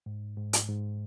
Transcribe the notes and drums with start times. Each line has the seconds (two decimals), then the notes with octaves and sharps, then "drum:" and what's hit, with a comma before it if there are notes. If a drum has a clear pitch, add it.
0.06 G#2
0.37 G#2
0.53 drum: hi-hat
0.69 G#2